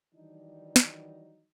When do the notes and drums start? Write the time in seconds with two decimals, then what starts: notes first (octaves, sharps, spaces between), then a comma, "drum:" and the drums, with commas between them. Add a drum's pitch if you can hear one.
0.14 D#3 E3 F#3 G3 D4 D#4
0.76 drum: snare